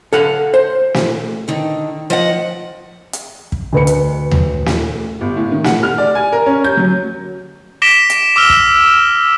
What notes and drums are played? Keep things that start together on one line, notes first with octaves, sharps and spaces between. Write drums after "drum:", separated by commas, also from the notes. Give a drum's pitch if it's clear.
A4 F5 F#5
C5
drum: snare
D3 D#3
F3 D#5 F#5
drum: hi-hat
drum: kick
D2 B4 C#7
drum: hi-hat
drum: tom D#2
drum: snare
G1
A2
D#3
F#5, drum: snare
F6
D5
G#5
A#4
C#4
G6
F#3
D6 A#6 B6 D7 E7 G7
drum: hi-hat
D6 E6 F6 E7 G7
drum: kick